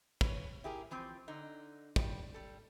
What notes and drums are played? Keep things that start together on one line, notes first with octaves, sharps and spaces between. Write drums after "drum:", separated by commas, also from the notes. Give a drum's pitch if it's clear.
B4 C#5, drum: kick
E4 G4 G#4 A#4
E3 F3 C4
D3 D#4
G3, drum: kick
G3 A4